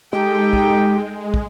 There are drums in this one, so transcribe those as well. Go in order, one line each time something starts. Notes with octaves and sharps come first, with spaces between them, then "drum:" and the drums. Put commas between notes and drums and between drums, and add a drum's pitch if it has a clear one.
G#3 D#4 G4 A4 G5
drum: kick
drum: kick